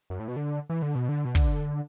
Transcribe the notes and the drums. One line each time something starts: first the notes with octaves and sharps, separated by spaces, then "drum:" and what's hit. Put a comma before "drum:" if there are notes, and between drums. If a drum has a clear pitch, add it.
F#2
A2
B2
D3
E3
D3
B2
D3
B2
D3, drum: kick, open hi-hat